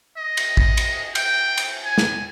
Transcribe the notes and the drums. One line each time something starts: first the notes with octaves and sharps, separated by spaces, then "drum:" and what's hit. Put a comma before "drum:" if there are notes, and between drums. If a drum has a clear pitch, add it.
D#5
drum: cymbal
drum: kick
drum: cymbal
G5, drum: cymbal
drum: cymbal
G#5
drum: snare